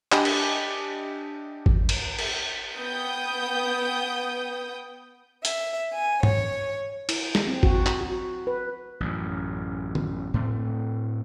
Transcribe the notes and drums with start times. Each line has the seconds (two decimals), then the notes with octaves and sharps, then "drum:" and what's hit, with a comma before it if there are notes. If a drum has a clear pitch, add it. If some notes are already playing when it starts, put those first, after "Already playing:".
0.12 D4 G4 D#5 G#5 B5, drum: clap
0.25 drum: cymbal
1.66 drum: kick G#1
1.89 drum: cymbal
2.19 drum: cymbal
2.74 B3 G5 D#6 G6
5.45 E5, drum: hi-hat
5.94 G#5
6.23 C#5, drum: tom
7.09 E4, drum: cymbal
7.35 drum: snare
7.47 C4
7.63 F#4, drum: kick G#1
7.86 drum: clap
8.01 F#4
8.47 B4
9.00 A1 F#2
9.95 drum: tom
10.34 A2 A3 C4